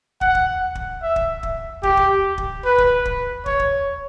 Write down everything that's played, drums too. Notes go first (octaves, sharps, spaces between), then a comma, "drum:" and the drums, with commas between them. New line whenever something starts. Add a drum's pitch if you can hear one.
F#5, drum: kick
drum: kick
drum: kick
E5
drum: kick
drum: kick
G4, drum: kick
drum: kick
drum: kick
B4
drum: kick
drum: kick
C#5, drum: kick
drum: kick